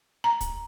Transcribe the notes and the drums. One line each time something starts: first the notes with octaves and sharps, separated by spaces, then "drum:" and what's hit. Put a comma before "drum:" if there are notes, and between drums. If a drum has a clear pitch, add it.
A#5
drum: kick, hi-hat